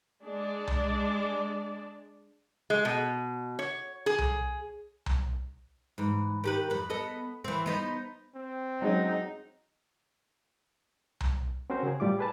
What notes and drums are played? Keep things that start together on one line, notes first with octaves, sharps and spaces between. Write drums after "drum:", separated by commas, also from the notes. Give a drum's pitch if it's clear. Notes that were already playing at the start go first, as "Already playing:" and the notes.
G#3 D4 D5
drum: tom C2
G#3
B2
C#5
G#4
drum: tom C2
drum: tom C2
G#2 E3
D#3 G4 B4
F2 B4
B3 A4 D#5
E3 C4
B3 D#4 C5
C4
F#3 G#3 C#4 D#4
drum: tom C2
C4 C#4 F#4 A#4 C5
C#3 G#4
A2 G3 F4 D6
G#4 B4 A5